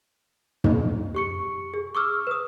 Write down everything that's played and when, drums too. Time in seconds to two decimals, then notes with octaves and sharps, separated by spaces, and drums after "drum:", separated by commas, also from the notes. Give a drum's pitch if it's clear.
0.64 drum: tom
1.15 G4 C#6 C#7
1.74 G#4
1.95 C#6 D6 E6 F6
2.27 B4 D#6